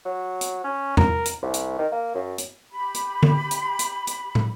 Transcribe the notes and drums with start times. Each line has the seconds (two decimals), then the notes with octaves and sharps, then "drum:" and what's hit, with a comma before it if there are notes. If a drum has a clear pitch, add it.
0.05 F#3
0.41 drum: hi-hat
0.64 C#4
0.97 A#4, drum: tom E2
1.25 drum: hi-hat
1.42 C2
1.54 drum: hi-hat
1.78 D#3
1.92 A#3
2.15 F#2
2.38 drum: hi-hat
2.71 G4 B5
2.94 drum: hi-hat
3.23 drum: tom D3
3.51 drum: hi-hat
3.79 drum: hi-hat
4.07 drum: hi-hat
4.35 drum: tom